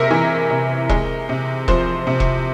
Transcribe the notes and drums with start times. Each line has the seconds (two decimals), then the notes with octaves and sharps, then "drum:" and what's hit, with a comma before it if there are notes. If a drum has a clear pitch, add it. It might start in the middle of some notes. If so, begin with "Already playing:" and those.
Already playing: C3 G#3 A#4 E5
0.11 E3
0.50 C3
0.89 G#3, drum: kick E1
1.29 C3
1.68 F3 C5, drum: kick E1
2.07 C3
2.20 drum: kick E1